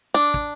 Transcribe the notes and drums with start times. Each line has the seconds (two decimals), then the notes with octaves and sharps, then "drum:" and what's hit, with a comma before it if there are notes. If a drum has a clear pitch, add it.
0.14 D4
0.34 drum: kick